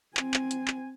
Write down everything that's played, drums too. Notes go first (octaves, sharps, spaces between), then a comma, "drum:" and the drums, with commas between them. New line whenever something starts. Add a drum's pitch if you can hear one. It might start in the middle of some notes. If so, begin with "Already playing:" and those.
C4 G#5, drum: clap
drum: clap
drum: hi-hat
drum: clap